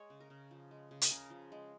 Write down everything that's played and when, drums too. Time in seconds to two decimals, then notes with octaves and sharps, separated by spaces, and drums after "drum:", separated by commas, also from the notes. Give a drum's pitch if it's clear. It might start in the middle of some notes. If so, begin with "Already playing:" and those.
Already playing: G#3 C#5
0.10 C#3
0.20 A#4
0.30 C#3
0.51 F3
0.71 G#3
0.91 C#3
1.02 G#4, drum: hi-hat
1.11 C#3 A#4
1.30 F3
1.52 G#3